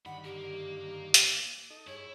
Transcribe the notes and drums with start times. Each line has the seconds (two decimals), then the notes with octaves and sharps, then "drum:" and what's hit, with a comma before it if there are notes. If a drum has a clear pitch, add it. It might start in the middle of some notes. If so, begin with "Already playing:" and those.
0.05 G2 D3 D#3 F#5 B5
0.24 A#3 G4
1.14 drum: hi-hat
1.70 D#4 A4 D#5
1.87 G2 E4 G#4 C#5 C#6